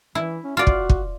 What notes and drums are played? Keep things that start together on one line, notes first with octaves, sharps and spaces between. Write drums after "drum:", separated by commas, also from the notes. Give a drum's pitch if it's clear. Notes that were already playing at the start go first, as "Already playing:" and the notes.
E3 E4
C#4
F4 F#4 D5
drum: kick
drum: kick